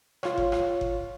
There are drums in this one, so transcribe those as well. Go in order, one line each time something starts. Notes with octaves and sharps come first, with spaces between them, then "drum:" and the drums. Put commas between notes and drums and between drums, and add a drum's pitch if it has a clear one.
F4 C#5, drum: rim click
drum: kick F#1
drum: rim click
drum: kick F#1